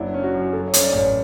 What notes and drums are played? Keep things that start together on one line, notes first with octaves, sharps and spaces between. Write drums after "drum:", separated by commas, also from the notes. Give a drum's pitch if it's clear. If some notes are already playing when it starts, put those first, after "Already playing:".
Already playing: F#1 F#3 D4 E4
C#4
F#4
F#2
F#3 A4
C#5
C#4, drum: hi-hat
D5
A1 C#5